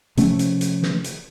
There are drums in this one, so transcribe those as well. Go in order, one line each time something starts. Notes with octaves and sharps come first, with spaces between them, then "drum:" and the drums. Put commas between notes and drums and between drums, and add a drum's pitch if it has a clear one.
C3 F3 A3 C#4, drum: hi-hat
drum: hi-hat
drum: hi-hat
drum: snare
drum: hi-hat